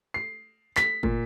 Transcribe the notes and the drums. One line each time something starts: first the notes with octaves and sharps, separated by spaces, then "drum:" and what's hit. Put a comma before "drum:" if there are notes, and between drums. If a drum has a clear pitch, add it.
C7
B6, drum: clap
A#2, drum: kick